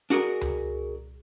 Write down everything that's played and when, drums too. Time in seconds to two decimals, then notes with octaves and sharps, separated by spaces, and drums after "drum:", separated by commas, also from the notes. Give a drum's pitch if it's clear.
0.10 D4 F#4 G#4 A#4
0.41 drum: tom C#2